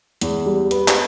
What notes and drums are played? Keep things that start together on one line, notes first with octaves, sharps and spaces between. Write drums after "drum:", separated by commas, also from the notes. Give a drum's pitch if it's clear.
E2, drum: hi-hat
G3
B3, drum: hi-hat
drum: clap